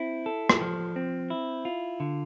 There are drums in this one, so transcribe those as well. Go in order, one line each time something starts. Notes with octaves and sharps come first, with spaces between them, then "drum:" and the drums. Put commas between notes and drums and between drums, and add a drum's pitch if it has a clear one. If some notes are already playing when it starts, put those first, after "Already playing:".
Already playing: C4 E4
A4
drum: rim click
F3
C4
E4
F4
D3